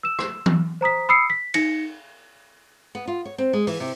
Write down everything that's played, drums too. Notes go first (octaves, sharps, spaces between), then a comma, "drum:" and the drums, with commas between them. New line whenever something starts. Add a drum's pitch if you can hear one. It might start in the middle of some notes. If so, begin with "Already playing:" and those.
E6 E7
drum: rim click
drum: tom E3
C5 A#5 D#6 B6
B5 D#6 E6 C7 C#7
B6
D#4 A#6 C#7, drum: cymbal
B3
F4
C#5
C4
G#3
E3, drum: open hi-hat
C3